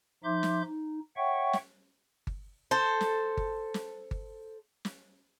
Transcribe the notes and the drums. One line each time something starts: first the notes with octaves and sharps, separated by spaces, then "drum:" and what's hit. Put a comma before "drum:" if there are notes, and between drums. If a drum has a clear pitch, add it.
F3 D#4 E5 C6 D6 G6
drum: snare
D#4
C#5 E5 F#5 G5 C#6
drum: snare
drum: kick G1
A4 C5
drum: snare
drum: kick G1
drum: snare
drum: kick G1
drum: snare